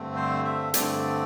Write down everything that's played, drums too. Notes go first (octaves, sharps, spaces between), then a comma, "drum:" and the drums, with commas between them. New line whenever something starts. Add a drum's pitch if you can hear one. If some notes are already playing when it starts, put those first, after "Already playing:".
Already playing: G2 D3 A3 C4
C5
E5
G2 D3 A3 C4 D5, drum: hi-hat